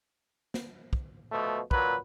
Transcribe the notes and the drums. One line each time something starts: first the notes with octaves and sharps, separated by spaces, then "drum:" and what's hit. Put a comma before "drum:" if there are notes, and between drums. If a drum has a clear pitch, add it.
drum: snare
drum: kick
B2 F3 A3
A#2 F#3 B4, drum: kick